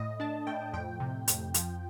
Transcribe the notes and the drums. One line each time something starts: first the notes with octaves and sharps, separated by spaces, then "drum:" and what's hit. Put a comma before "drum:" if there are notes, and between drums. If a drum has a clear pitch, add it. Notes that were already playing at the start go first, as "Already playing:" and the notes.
Already playing: A2 D#5
D4 A5
A2 G5
F2 G5
C3
F2, drum: hi-hat
F3, drum: hi-hat